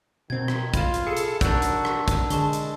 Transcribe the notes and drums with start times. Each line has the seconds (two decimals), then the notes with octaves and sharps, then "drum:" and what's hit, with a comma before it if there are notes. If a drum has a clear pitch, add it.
0.30 B2 D#3 C4 G#6
0.48 drum: rim click
0.74 F4 B5, drum: kick, hi-hat
0.94 drum: hi-hat
1.07 G#4 A4 C#7
1.17 drum: hi-hat
1.41 D4 D#4 F#4 A#4 E6, drum: kick, hi-hat
1.62 drum: hi-hat
1.85 drum: rim click
2.08 drum: kick, hi-hat
2.30 D3 G#3 A5 C#6 G7, drum: hi-hat
2.53 drum: hi-hat